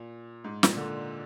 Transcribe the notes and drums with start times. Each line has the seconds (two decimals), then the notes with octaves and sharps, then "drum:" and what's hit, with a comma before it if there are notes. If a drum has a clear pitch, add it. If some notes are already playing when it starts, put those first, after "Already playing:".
Already playing: A#2
0.44 G#2
0.63 A#2, drum: snare
0.77 D3